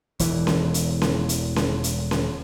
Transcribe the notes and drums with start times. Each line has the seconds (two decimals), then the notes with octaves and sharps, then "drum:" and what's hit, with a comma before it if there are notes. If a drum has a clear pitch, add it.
0.19 E1 E2 E3, drum: hi-hat
0.47 drum: snare C#4
0.74 drum: hi-hat
1.02 drum: snare C#4
1.29 drum: hi-hat
1.56 drum: snare C#4
1.84 drum: hi-hat
2.11 drum: snare C#4